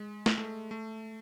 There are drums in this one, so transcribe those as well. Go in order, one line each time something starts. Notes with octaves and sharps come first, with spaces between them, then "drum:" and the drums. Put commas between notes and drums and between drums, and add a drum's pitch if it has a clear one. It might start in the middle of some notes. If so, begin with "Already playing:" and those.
Already playing: G#3
drum: snare
A3
A3